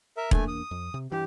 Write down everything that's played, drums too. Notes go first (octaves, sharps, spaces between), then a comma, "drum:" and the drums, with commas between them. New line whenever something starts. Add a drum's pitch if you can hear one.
A#4 E5
E2 A3 A#3 D4 G#5, drum: kick E1
D#6
F2
C3
G2 E3 G4